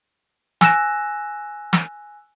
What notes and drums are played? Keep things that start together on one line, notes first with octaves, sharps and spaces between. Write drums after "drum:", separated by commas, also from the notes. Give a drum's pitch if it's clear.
G#5 E6 F#6 A#6 E7, drum: snare
drum: snare